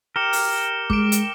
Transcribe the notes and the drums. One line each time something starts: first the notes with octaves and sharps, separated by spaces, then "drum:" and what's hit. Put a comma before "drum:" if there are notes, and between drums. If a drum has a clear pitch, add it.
G4 A#4 C#7 E7 G7
drum: open hi-hat
G#3 D6 F6 D7, drum: kick
drum: hi-hat